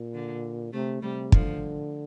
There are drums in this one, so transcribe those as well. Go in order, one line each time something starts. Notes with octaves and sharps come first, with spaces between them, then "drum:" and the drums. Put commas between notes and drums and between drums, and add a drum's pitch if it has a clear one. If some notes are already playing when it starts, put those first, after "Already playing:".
Already playing: A#2
D3
C3 A3
C3 G3
D3 F3, drum: kick